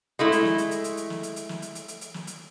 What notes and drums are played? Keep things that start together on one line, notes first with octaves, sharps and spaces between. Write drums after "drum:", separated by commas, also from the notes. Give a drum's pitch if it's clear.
G#3 A3 E4
drum: hi-hat
drum: snare
drum: hi-hat
drum: hi-hat
drum: hi-hat
drum: hi-hat
drum: snare
drum: hi-hat
drum: hi-hat
drum: snare
drum: hi-hat
drum: hi-hat
drum: hi-hat
drum: hi-hat
drum: snare
drum: hi-hat